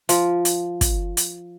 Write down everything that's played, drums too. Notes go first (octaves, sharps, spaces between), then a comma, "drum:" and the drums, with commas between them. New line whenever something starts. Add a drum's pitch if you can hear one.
F3, drum: hi-hat
drum: hi-hat
drum: kick, hi-hat
drum: hi-hat